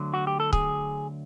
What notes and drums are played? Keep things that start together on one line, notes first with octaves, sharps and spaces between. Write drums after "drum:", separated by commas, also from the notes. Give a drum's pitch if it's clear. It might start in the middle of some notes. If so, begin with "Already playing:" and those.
Already playing: D2 D3 F#3
F#4
G4
A4
G#4, drum: kick C#1